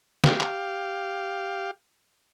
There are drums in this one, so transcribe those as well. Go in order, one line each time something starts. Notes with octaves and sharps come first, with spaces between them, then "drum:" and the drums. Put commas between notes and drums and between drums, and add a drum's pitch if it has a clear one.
G4 F5, drum: snare
drum: clap